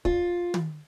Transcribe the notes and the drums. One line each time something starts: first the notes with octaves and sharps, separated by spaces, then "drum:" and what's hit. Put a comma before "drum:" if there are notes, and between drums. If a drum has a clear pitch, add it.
F4, drum: kick
drum: tom